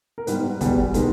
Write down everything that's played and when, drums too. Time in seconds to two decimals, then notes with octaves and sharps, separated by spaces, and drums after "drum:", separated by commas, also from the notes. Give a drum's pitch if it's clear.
0.18 A#4
0.27 G#2 G3 B3 B4, drum: hi-hat
0.61 E2 B2 G3, drum: kick, hi-hat
0.94 D#3 G#3 B3, drum: kick, hi-hat